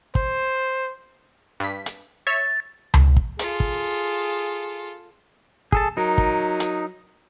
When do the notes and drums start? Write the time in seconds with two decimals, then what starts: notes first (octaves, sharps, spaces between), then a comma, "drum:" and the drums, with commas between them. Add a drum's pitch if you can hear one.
0.15 C5, drum: kick
1.60 G2 B6
1.86 drum: hi-hat
2.27 C#5 E5 A6
2.94 drum: tom C#2
3.16 drum: kick
3.39 F4 G#4 A4, drum: hi-hat
3.60 drum: kick
5.72 G#4 A4 A5, drum: kick
5.97 F#3 D#4 A#4
6.18 drum: kick
6.60 drum: hi-hat